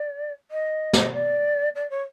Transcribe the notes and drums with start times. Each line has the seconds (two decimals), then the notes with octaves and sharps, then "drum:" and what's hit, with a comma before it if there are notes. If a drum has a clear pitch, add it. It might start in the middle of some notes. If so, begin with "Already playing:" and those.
Already playing: D5
0.51 D#5
0.93 drum: snare
1.13 D5
1.75 D5
1.90 C#5